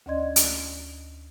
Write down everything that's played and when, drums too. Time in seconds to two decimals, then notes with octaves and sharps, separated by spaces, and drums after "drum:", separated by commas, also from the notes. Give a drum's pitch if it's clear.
0.06 D2 C#4 D5 D#5 C6 G#6
0.36 drum: hi-hat